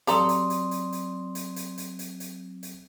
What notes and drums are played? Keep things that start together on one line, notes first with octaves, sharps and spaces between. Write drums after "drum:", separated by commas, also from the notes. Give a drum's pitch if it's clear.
F#3 C4 G4 A4 D5 A#5 C6 D#6, drum: hi-hat
drum: hi-hat
drum: hi-hat
drum: hi-hat
drum: hi-hat
drum: hi-hat
drum: hi-hat
drum: hi-hat
drum: hi-hat
drum: hi-hat
drum: hi-hat